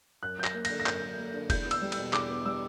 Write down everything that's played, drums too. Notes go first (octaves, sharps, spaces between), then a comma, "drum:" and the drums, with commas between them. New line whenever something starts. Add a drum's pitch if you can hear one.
F#2 F#6
F#2 G6
A#6, drum: clap
A#3
A#6, drum: cymbal
D3
A#6
F#2 G6, drum: clap
F#2
A#3
D3
E2 G6, drum: kick F1, cymbal
B3
E6, drum: cymbal
G3
E6, drum: cymbal
B2
E2 D6, drum: clap
B3
G3 E6